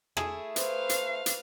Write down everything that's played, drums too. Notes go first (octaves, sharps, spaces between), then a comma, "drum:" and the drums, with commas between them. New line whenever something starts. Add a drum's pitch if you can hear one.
A3 E4 G#4, drum: rim click
B4 C5 F5, drum: hi-hat
drum: hi-hat
drum: hi-hat